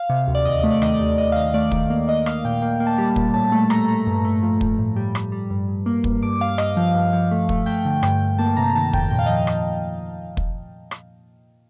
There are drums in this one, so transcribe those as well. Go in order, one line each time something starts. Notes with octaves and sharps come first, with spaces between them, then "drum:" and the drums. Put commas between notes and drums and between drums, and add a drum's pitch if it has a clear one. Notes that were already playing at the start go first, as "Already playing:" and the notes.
Already playing: F5
C3
D2
D5
D#2 D#5
A3
D5
D#3 D#5, drum: rim click
D5
D#2
D#2 D#5
F5
D#3 D#5
A3 D5
D#3, drum: kick
A#3
A#3 D#5
A#3 F5, drum: rim click
A#2 G5
A#3 G5
A#3
A5
G3
A#2, drum: kick
A2 A5
A3
A3 A#5, drum: rim click
A3
G2
A3
F3
F3, drum: kick
A2
G3
G3, drum: rim click
G3
G2
G2
A#3
G2, drum: kick
G2 D6
G2 F5
G2 D#5, drum: rim click
F3 F5
G2
F3
A3
A3, drum: kick
A3 G5
D3
G2 G5, drum: rim click
G2
A#3 A5
C3 A#5
D#3 A5
A5
F2 G5, drum: kick
A#2 G5
F5
D#5
F3
drum: rim click
drum: kick
drum: rim click